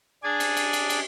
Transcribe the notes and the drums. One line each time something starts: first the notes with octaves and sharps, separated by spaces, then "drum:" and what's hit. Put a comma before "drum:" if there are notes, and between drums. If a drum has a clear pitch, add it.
D4 G#4 D5 G#5
drum: cymbal
drum: cymbal
drum: cymbal
drum: cymbal